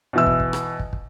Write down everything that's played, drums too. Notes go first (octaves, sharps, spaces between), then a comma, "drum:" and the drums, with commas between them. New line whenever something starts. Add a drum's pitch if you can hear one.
B2 E3 E6
drum: kick
drum: kick
drum: rim click
drum: kick
drum: kick